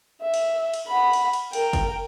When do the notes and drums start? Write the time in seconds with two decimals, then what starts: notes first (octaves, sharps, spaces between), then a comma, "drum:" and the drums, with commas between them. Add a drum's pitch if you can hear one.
0.22 E5
0.34 drum: cymbal
0.74 drum: cymbal
0.87 F#5 B5
1.13 drum: cymbal
1.33 drum: cymbal
1.53 A#4 G5, drum: cymbal
1.73 drum: kick, cymbal